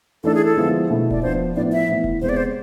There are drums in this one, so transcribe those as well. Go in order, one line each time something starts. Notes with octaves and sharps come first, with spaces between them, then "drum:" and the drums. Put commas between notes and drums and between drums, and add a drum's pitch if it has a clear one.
E3 A3 D4 A4
G#4
A4
D3 F3 G#3 B3 E4
B2 A3 E4
D5, drum: kick E1
F3 B3 D4 C5
A2 F3 B3 E4 D5
E5
A2 E3 B3
drum: kick E1
C3 G#3 B3 C5
D5
C5